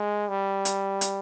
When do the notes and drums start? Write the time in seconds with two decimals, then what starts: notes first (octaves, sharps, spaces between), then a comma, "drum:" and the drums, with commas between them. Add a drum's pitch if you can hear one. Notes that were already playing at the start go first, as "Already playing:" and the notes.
Already playing: G#3
0.29 G3
0.65 drum: hi-hat
1.01 drum: hi-hat